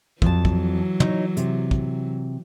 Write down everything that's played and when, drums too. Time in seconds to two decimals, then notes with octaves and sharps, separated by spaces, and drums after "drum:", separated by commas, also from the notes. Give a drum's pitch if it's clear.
0.22 F2 E3 F#3 A5, drum: kick
0.45 drum: kick
1.00 D#4 C#5, drum: tom
1.37 C3, drum: hi-hat
1.71 drum: kick